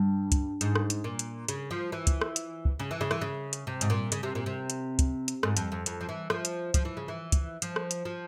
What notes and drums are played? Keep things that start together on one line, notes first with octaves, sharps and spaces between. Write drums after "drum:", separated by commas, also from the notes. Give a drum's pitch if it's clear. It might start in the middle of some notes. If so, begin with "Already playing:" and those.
Already playing: G2
drum: kick, hi-hat
G#2, drum: hi-hat
drum: rim click
drum: hi-hat
A#2
drum: hi-hat
C#3, drum: hi-hat
F3
E3
drum: kick, hi-hat
drum: rim click
drum: hi-hat
drum: kick
C#3
E3
C#3
E3, drum: rim click
C#3
drum: hi-hat
C3
G#2, drum: hi-hat
A#2
C#3, drum: hi-hat
C3
A#2
C3
drum: hi-hat
drum: kick, hi-hat
drum: hi-hat
G#2, drum: rim click
F2, drum: hi-hat
F2
F2, drum: hi-hat
F3
E3
F3, drum: rim click
drum: hi-hat
F3, drum: kick, hi-hat
E3
C#3
E3
drum: kick, hi-hat
F3, drum: hi-hat
drum: rim click
drum: hi-hat
F3